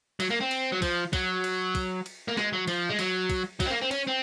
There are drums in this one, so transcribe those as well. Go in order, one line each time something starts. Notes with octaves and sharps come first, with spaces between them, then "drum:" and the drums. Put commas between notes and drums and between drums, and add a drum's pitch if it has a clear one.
F#3, drum: cymbal
A#3
C4
drum: cymbal
F#3
F3, drum: kick, cymbal
F#3, drum: kick, cymbal
drum: cymbal
drum: kick, cymbal
drum: cymbal
A#3
G#3, drum: snare
F#3
F3, drum: cymbal
G#3
F#3, drum: cymbal
drum: kick, cymbal
F#3, drum: kick, cymbal
C4
A#3
C4
C#4, drum: cymbal
C4